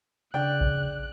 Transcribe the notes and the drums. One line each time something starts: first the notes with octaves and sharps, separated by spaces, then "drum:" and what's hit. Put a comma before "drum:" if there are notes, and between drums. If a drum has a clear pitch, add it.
C#3 D4 G5 F#6
drum: kick A1